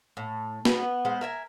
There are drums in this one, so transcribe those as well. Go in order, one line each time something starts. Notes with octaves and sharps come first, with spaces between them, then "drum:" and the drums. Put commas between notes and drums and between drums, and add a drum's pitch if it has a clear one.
A2
B3, drum: snare
G#3 B3 C5 F5
A#4 E5 G#5